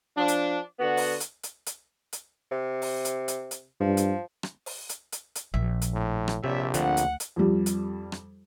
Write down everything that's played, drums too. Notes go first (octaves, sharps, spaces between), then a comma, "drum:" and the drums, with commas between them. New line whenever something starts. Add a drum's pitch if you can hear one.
F3 D4
drum: hi-hat
D3 B3 F#4
drum: open hi-hat
drum: hi-hat
drum: hi-hat
drum: hi-hat
drum: hi-hat
C3
drum: open hi-hat
drum: hi-hat
drum: hi-hat
drum: hi-hat
G2 F3
drum: hi-hat
drum: rim click
drum: open hi-hat
drum: hi-hat
drum: hi-hat
drum: hi-hat
A#1 E5
drum: hi-hat
A2
drum: rim click
A#1 C3 C#5 D5 E5
D2 D3 F3 C4 F#5, drum: hi-hat
drum: hi-hat
drum: hi-hat
F2 G3
drum: hi-hat
drum: rim click